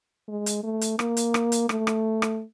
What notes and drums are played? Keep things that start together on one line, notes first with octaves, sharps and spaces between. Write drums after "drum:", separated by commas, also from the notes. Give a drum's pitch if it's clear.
G#3
drum: hi-hat
A3
drum: hi-hat
A#3, drum: rim click
drum: hi-hat
drum: rim click
drum: hi-hat
A3, drum: rim click
drum: rim click
drum: rim click